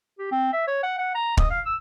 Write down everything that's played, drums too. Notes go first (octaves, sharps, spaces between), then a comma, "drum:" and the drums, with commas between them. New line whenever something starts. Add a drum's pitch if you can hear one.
G4
C4
E5
C#5
F#5
F#5
A#5
D#5, drum: kick
F5
E6